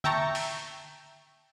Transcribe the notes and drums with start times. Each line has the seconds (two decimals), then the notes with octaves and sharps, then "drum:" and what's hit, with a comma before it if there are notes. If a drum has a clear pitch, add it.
0.04 E5 G5 A5 A#5 C#6, drum: tom D3
0.35 drum: open hi-hat